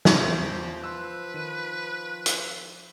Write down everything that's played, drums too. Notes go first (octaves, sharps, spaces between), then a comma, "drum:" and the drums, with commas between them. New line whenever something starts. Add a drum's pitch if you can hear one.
drum: snare
E2 F3 G4 E5
B4 C6 E6 F#6
D#3 D#7
drum: hi-hat